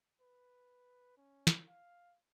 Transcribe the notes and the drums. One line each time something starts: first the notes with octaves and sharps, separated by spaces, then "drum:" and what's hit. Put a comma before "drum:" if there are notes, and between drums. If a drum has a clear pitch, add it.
B4
C#4
drum: snare
F5